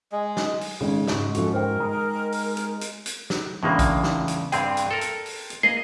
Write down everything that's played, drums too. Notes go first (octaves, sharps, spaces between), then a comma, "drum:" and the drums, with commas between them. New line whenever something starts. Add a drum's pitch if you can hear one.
G#3
drum: snare
drum: open hi-hat
G#1 C#3
G#2 G#3 C#4, drum: snare
F3 F#4 A4, drum: hi-hat
A#4 C5 G5
G#3 D#4
drum: open hi-hat
drum: hi-hat
drum: hi-hat
drum: hi-hat
drum: snare
E2 A2 C#3 G#3 A#3 D4
drum: kick, hi-hat
drum: snare
drum: hi-hat
G2 C4 G#4 G5 C6, drum: hi-hat
drum: hi-hat
A4 A#4
drum: hi-hat
drum: open hi-hat
drum: hi-hat
A#3 G#4 D#5 C7